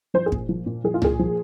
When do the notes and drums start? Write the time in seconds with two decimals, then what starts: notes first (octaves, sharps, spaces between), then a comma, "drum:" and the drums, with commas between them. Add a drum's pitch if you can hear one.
0.14 F3 C5
0.26 G#4
0.32 A#2, drum: kick
0.49 F3
0.66 A#2
0.84 F3 G#4
0.94 F4
1.02 A#2 G#4, drum: tom C2
1.19 F3